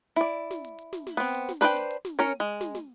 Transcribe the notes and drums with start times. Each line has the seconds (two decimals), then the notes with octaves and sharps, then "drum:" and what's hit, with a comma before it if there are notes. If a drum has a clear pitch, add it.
0.16 E4 D5
0.51 drum: snare
0.65 drum: hi-hat
0.79 drum: hi-hat
0.93 drum: snare
1.07 drum: snare
1.17 B3 C4
1.35 drum: hi-hat
1.49 drum: snare
1.61 D4 B4 C5 D5 G5, drum: snare
1.77 drum: hi-hat
1.91 drum: hi-hat
2.05 drum: snare
2.19 C#4 A#4 C#5, drum: snare
2.40 G#3
2.61 drum: snare
2.75 drum: snare